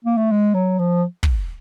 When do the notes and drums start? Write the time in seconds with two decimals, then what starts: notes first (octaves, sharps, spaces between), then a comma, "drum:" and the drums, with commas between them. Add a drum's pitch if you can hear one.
0.04 A#3
0.17 A3
0.31 G#3
0.54 F#3
0.78 F3
1.23 drum: kick